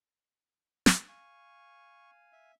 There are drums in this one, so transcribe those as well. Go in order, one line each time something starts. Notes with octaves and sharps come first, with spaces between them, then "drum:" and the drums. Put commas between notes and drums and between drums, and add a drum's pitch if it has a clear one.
drum: snare
F5 G#5 C#6
E5